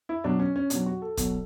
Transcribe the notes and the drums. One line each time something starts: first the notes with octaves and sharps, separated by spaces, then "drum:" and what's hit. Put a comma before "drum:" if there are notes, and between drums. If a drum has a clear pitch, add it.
E4
B2 F#3 D4
C#4
C#4
B2 F#3 D4, drum: hi-hat
F#4
A4
B2 F#3, drum: kick, hi-hat